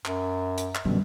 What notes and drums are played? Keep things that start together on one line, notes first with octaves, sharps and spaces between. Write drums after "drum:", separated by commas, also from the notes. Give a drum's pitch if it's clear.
F#2, drum: clap
drum: hi-hat
drum: clap
F#2 B2 D3 G3